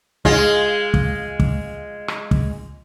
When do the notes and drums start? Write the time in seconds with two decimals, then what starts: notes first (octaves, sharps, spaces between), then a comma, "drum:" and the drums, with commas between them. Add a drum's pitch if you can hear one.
0.25 G#3 F4, drum: kick
0.94 drum: kick
1.40 drum: kick
2.08 drum: rim click
2.31 drum: kick